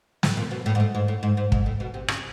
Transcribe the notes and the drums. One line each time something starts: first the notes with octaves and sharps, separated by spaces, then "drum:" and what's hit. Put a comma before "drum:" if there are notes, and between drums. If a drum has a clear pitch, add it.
A2, drum: snare
A#2
B2
A2
G#2
A2
G#2
A2
G#2
G#2
G#2, drum: kick
A2
B2
C3
C#3, drum: rim click